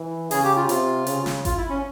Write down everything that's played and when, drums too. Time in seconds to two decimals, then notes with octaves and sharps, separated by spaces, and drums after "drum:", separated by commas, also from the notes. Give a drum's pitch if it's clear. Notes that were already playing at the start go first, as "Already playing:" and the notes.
Already playing: E3
0.31 C#3 G#4, drum: open hi-hat
0.44 G4
0.56 F4
0.69 C3 F4, drum: hi-hat
1.07 C#3, drum: hi-hat
1.26 drum: snare
1.45 F4, drum: kick G#1, hi-hat
1.57 E4
1.70 C#4